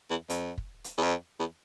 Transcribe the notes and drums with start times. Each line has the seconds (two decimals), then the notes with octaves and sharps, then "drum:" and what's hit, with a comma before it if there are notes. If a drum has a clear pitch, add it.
0.10 E2
0.30 F2, drum: hi-hat
0.58 drum: kick
0.84 drum: hi-hat
0.98 E2
1.03 F2
1.39 E2